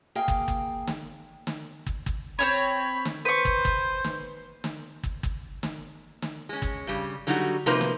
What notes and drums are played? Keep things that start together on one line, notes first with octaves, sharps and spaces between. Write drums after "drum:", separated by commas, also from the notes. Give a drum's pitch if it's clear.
A#3 G#4 F5 G5
drum: kick
drum: kick
drum: snare
drum: snare
drum: kick
drum: kick
C4 C#4 C#5 B5
drum: snare
B4 C5 C#6
drum: kick
drum: kick
drum: snare
drum: snare
drum: kick
drum: kick
drum: snare
drum: snare
G#3 C#4
drum: kick
G2 C#3 G3
D3 F#3 G3 D#4 E4 F#4
C3 F3 A#3 D#4 B4 C5
drum: snare